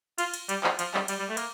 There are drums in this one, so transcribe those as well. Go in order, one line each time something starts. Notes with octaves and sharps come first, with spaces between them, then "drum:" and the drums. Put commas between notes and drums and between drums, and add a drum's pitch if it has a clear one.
F4, drum: cymbal
drum: cymbal
G3, drum: cymbal
F3, drum: clap
F3, drum: cymbal
G3, drum: clap
G3, drum: cymbal
G3
A3
A#3, drum: cymbal